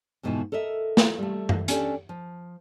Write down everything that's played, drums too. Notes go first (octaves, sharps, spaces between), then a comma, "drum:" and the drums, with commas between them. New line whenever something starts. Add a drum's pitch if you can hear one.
F2 G#2 B2 D3 E3 F3
A4 A#4 D#5 E5
drum: snare
G3 A3
drum: tom F#2
C#4 D4 G4 A4 D5 G5, drum: hi-hat
F3